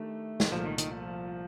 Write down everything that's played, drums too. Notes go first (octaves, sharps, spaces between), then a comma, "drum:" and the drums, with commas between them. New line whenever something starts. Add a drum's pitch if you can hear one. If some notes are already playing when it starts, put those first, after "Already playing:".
Already playing: D#3 A3 D4 G4
drum: snare G#3
C2 A#2 F3 A3
D#3
D#3, drum: hi-hat
F3